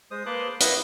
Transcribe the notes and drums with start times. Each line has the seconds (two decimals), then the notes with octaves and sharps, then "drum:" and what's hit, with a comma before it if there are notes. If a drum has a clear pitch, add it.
0.11 G#3 C5 D#6
0.26 A#3 B4 A5 C6 D6 F#6
0.60 E4 B4 D#5 F#5, drum: hi-hat